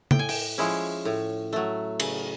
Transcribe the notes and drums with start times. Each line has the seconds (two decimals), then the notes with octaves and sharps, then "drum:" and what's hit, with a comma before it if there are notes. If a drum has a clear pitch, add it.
0.11 A2 G5, drum: tom
0.19 G#5
0.29 G5, drum: open hi-hat
0.58 F3 G#3 C#4 E4
1.05 A2
1.53 F#3 A3
2.00 C#3, drum: cymbal